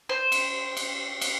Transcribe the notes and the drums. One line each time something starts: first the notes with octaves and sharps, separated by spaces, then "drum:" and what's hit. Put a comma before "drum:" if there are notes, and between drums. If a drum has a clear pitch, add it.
C5
drum: cymbal
drum: cymbal
drum: cymbal